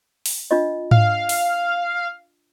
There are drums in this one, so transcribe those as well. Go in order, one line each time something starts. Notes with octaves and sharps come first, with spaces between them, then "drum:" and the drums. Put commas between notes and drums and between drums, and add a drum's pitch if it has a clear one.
drum: open hi-hat
D4 F4 D#5
F5, drum: tom G#2
drum: open hi-hat